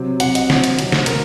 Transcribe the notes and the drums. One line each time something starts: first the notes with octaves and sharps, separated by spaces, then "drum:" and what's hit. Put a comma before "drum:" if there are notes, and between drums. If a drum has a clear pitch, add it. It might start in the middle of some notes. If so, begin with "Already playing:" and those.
Already playing: C3 F#3 C4
C3 F#3 C4 F#5, drum: hi-hat
D#5, drum: hi-hat
C3 F#3 C4, drum: snare
drum: hi-hat
C3 F#3 C4, drum: hi-hat
drum: snare
D3 A3 A#4, drum: hi-hat